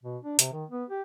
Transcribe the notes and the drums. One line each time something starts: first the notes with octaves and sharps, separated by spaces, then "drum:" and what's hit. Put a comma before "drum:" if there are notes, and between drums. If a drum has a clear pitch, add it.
B2
D4
C3, drum: hi-hat
D#3
B3
G4